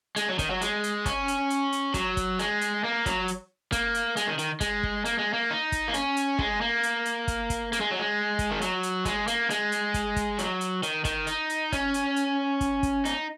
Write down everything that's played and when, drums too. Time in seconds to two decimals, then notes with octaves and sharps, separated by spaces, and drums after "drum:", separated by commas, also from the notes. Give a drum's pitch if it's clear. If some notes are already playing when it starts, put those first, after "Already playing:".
0.16 G#3, drum: hi-hat
0.29 F#3
0.39 D#3, drum: kick, hi-hat
0.50 F#3
0.61 G#3, drum: hi-hat
0.84 drum: hi-hat
1.06 C#4, drum: kick, hi-hat
1.28 drum: hi-hat
1.50 drum: hi-hat
1.72 drum: hi-hat
1.94 F#3, drum: kick, hi-hat
2.17 drum: kick, hi-hat
2.39 G#3, drum: hi-hat
2.61 drum: hi-hat
2.84 A#3
3.06 F#3, drum: kick, hi-hat
3.28 drum: hi-hat
3.72 A#3, drum: kick, hi-hat
3.95 drum: hi-hat
4.17 G#3, drum: hi-hat
4.27 D#3
4.39 D#3, drum: hi-hat
4.61 G#3, drum: kick, hi-hat
4.83 drum: kick
5.05 A#3, drum: hi-hat
5.19 G#3
5.33 A#3
5.51 D#4
5.72 drum: kick, hi-hat
5.88 A#3
5.94 C#4, drum: hi-hat
6.17 drum: hi-hat
6.39 G#3, drum: kick
6.61 A#3
6.83 drum: hi-hat
7.05 drum: hi-hat
7.28 drum: kick, hi-hat
7.50 drum: kick, hi-hat
7.73 A#3, drum: hi-hat
7.81 G#3
7.91 F#3
7.99 G#3
8.39 drum: kick, hi-hat
8.51 D#3
8.62 F#3, drum: hi-hat
8.83 drum: hi-hat
9.05 G#3, drum: kick, hi-hat
9.27 A#3, drum: hi-hat
9.50 G#3, drum: hi-hat
9.72 drum: hi-hat
9.94 drum: kick, hi-hat
10.16 drum: kick, hi-hat
10.39 F#3, drum: hi-hat
10.61 drum: hi-hat
10.83 D#3, drum: hi-hat
11.05 D#3, drum: kick, hi-hat
11.27 D#4, drum: hi-hat
11.50 drum: hi-hat
11.72 C#4, drum: kick, hi-hat
11.94 drum: hi-hat
12.16 drum: hi-hat
12.61 drum: kick, hi-hat
12.83 drum: kick, hi-hat
13.05 D#4, drum: hi-hat